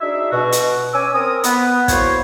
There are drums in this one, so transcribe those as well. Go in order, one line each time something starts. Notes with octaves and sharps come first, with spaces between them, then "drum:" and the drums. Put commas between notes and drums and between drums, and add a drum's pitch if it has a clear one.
D4 D#4 F#4 G#4 E5
B2 F#4
drum: hi-hat
C#4 G#5 D6 E6
C4 A#4 D#6
B3, drum: hi-hat
F#3 A#3 E4 C5 C#5, drum: kick, hi-hat